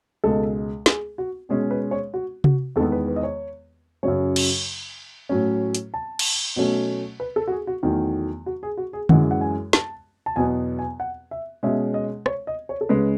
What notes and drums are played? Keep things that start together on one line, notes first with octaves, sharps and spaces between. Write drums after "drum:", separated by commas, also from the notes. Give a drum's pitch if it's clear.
C#2 B2 G#3 A4
G#4, drum: snare
F#4
B2 G#3 C#4 G#4
B4
C#5
F#4
F#4, drum: tom C3
E2 D#3 G#3 B3 A4
B4
B4
D#5
C#5
F#2 C#3 F#3 C#5
drum: cymbal
A2 F#3 C#4
drum: hi-hat
A5
drum: cymbal
B2 F#3 A3 C#4
B4
A4
F#4
G#4
F#4
E2 D#3 F#3 A3
F#4
G#4
F#4
G#4
F#2 E3 G#3 F#5, drum: tom D3
F#5
G#5
A5, drum: snare
A5
E2 B2 F#3 B3 G#5
G#5
F#5
E5
B2 G#3 C#4 E5
D#5
C#5, drum: rim click
D#5
C#5
A4
C#2 C#3 G#3 B4